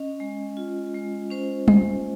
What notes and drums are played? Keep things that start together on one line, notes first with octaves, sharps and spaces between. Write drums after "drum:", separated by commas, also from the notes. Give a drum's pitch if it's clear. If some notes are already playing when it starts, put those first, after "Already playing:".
Already playing: C#4 D#5
G#3
F4
G#3
C#4 C5
G#3, drum: tom